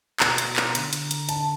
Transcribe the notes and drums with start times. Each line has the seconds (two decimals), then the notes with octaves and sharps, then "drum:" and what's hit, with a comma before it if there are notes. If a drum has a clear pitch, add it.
0.20 B2 A#5, drum: clap
0.38 drum: hi-hat
0.56 drum: clap
0.75 D3, drum: hi-hat
0.93 drum: hi-hat
1.11 drum: hi-hat
1.29 A5, drum: hi-hat